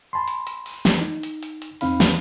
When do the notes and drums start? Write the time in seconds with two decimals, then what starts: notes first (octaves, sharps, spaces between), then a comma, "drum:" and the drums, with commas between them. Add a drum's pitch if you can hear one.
0.13 G#5 A5 B5 C6
0.28 drum: hi-hat
0.47 drum: hi-hat
0.66 drum: open hi-hat
0.85 drum: snare
1.01 D#4
1.23 drum: hi-hat
1.43 drum: hi-hat
1.62 drum: hi-hat
1.81 E2 C4 D#4 F5 B5, drum: open hi-hat
2.00 drum: snare